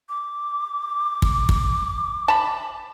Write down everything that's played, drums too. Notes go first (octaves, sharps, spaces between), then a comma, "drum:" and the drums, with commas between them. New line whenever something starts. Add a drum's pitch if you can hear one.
D6
drum: kick
drum: kick
A5 B5